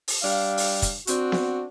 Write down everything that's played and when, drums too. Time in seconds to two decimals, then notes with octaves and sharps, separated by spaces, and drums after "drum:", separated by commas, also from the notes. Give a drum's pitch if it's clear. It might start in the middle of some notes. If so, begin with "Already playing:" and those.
0.08 drum: open hi-hat
0.23 G3 D4 F5
0.57 drum: open hi-hat
0.82 drum: kick, hi-hat
1.07 C4 D4 F#4, drum: hi-hat
1.32 drum: snare B3